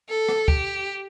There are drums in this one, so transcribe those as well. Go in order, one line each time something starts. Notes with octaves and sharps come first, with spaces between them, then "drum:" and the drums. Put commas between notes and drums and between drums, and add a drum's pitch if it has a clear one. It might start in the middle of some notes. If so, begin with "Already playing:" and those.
A4
drum: rim click
G4, drum: kick